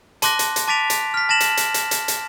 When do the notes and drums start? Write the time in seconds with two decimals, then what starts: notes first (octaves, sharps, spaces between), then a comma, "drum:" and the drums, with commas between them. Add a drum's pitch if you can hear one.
0.22 A5 C6 D6 F#6 A#6, drum: hi-hat
0.39 drum: hi-hat
0.56 drum: hi-hat
0.68 A5 D6 A6 B6 D7 F7
0.90 drum: hi-hat
1.14 F6 B6
1.29 A5 A6 A#6 E7 F#7
1.40 drum: hi-hat
1.57 drum: hi-hat
1.74 drum: hi-hat
1.91 drum: hi-hat
2.08 drum: hi-hat